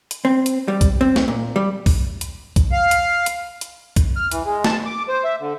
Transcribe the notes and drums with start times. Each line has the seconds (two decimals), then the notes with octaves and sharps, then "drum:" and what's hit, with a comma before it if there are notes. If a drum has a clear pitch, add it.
0.11 drum: hi-hat
0.25 C4
0.46 drum: hi-hat
0.68 G3
0.81 drum: kick B1, hi-hat
1.01 C4
1.16 drum: snare
1.28 A#2
1.56 G3
1.86 drum: kick B1, open hi-hat
2.21 drum: hi-hat
2.56 drum: kick B1, hi-hat
2.72 F5
2.91 drum: hi-hat
3.26 drum: hi-hat
3.61 drum: hi-hat
3.96 drum: kick B1, hi-hat
4.16 F6
4.31 E3, drum: hi-hat
4.45 G#3
4.64 A5, drum: snare
4.85 D6
5.08 C5
5.24 E5
5.40 D3